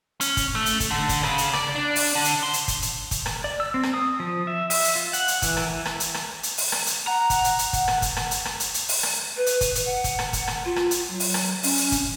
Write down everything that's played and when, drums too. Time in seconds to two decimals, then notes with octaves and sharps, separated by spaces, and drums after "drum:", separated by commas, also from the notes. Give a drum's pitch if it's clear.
0.21 C#4, drum: hi-hat
0.37 drum: kick, hi-hat
0.55 A3
0.66 drum: hi-hat
0.80 drum: kick, hi-hat
0.91 D3
1.09 drum: kick, hi-hat
1.23 C#3, drum: rim click
1.38 drum: hi-hat
1.53 D5, drum: rim click
1.75 D4
1.96 drum: open hi-hat
2.15 D3
2.25 drum: hi-hat
2.43 C5
2.53 drum: hi-hat
2.68 drum: kick, hi-hat
2.82 drum: hi-hat
3.11 drum: kick, hi-hat
3.26 drum: rim click
3.44 D5
3.60 E6
3.74 C4
3.83 drum: rim click
3.94 D#6
4.20 F3
4.47 E5
4.70 E5, drum: open hi-hat
4.84 drum: hi-hat
4.95 F4
5.13 F#5, drum: hi-hat
5.28 drum: hi-hat
5.42 E3, drum: kick, hi-hat
5.57 drum: rim click
5.68 E3
5.85 drum: rim click
6.00 drum: hi-hat
6.14 drum: rim click
6.43 drum: hi-hat
6.58 drum: open hi-hat
6.72 drum: rim click
6.87 drum: hi-hat
7.07 F#5 A#5
7.30 drum: kick, hi-hat
7.44 drum: hi-hat
7.59 drum: hi-hat
7.73 drum: kick, hi-hat
7.88 drum: rim click
8.02 drum: kick, hi-hat
8.16 drum: rim click
8.31 drum: hi-hat
8.45 drum: rim click
8.60 drum: hi-hat
8.74 drum: hi-hat
8.89 drum: open hi-hat
9.03 drum: rim click
9.37 B4
9.46 drum: hi-hat
9.61 drum: kick, hi-hat
9.75 drum: hi-hat
9.86 F#5
10.04 drum: kick, hi-hat
10.19 drum: rim click
10.33 drum: kick, hi-hat
10.47 drum: rim click
10.65 F4
10.76 drum: rim click
10.91 drum: hi-hat
11.08 F#3
11.20 drum: open hi-hat
11.34 drum: rim click
11.63 C#4, drum: open hi-hat
11.77 drum: hi-hat
11.92 drum: kick, hi-hat